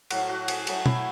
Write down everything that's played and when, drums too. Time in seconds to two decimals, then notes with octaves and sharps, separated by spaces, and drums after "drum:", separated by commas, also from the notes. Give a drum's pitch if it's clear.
0.10 A2 F#3 A3 F#4, drum: cymbal
0.29 F#4
0.48 G#4, drum: cymbal
0.67 A2 F#3 A3 G#4, drum: cymbal
0.86 E4, drum: tom